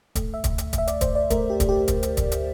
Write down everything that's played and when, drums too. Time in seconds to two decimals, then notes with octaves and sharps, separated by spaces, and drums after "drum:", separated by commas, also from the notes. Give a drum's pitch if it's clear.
0.15 A3, drum: kick, hi-hat
0.34 E5
0.44 D2, drum: kick, hi-hat
0.58 drum: hi-hat
0.73 D2, drum: kick, hi-hat
0.78 E5
0.87 D5, drum: hi-hat
1.01 D2 C5, drum: kick, hi-hat
1.15 D5
1.30 A3 A#4, drum: kick, hi-hat
1.50 G4
1.60 A3, drum: kick, hi-hat
1.69 G4
1.88 D2, drum: kick, hi-hat
2.03 drum: hi-hat
2.17 D2, drum: kick, hi-hat
2.32 drum: hi-hat